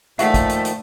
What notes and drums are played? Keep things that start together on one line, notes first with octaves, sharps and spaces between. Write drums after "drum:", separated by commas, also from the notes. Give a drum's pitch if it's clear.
A#2 D#3 F3 A3 E5 F#5 C#6, drum: hi-hat
drum: kick, hi-hat
drum: hi-hat
drum: hi-hat